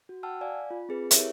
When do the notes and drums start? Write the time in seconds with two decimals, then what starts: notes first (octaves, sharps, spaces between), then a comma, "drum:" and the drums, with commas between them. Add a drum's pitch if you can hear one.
0.09 F#4
0.23 F#5 G5 A5 E6 F6
0.41 D5 F5 G#5
0.71 F4
0.89 C4 G#4 B4
1.11 E4 G4 A#4 C#5 E5, drum: hi-hat